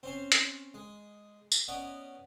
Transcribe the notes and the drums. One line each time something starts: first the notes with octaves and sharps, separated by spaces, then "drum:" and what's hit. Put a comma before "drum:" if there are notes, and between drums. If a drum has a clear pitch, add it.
C4 C#4 C5
drum: hi-hat
G#3
drum: tambourine
B3 C#4 D5 D#5